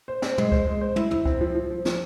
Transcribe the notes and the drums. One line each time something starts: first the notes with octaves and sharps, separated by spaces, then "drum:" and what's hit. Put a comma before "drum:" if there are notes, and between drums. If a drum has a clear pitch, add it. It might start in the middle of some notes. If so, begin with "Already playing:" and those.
C5
C4, drum: snare
G#3, drum: tom
C5, drum: kick C#2
G#3
C5
E4, drum: tom
E4, drum: tom
C4, drum: kick C#2
F3
F3
F3
F3, drum: snare